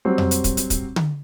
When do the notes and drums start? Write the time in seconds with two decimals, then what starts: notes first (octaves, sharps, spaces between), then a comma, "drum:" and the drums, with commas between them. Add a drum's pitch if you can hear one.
0.05 F#3 G3 C4
0.18 drum: tom F2
0.31 drum: hi-hat
0.44 drum: kick, hi-hat
0.57 drum: hi-hat
0.70 drum: kick, hi-hat
0.96 drum: tom D3